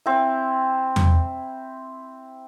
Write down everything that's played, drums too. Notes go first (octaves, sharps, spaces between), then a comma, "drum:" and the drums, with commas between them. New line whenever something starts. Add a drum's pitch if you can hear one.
C4 E4
drum: tom E2